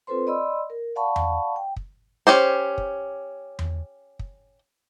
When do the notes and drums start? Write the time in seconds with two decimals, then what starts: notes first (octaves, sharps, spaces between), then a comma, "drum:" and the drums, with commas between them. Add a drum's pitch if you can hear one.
0.07 C4 F4 A4 B4 C5 C6
0.27 D5 D#5 B5 C6 E6
0.70 A#4
0.95 D5 F5 F#5 A5 B5 C#6
1.16 drum: tom E2
1.56 G5
1.76 drum: kick
2.27 C#4 G4 C5
2.78 drum: kick
3.59 drum: tom E2
4.19 drum: kick